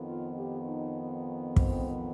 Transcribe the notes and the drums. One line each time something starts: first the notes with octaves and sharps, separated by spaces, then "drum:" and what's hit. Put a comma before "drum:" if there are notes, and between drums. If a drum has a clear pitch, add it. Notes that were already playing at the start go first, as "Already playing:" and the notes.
Already playing: F2 D#3 B3
F4
G4
D#4
C4, drum: kick